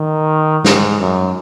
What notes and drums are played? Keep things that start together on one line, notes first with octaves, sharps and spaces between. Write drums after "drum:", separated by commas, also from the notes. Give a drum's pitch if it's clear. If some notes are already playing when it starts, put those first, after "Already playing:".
Already playing: D#3
G#2, drum: snare
F#2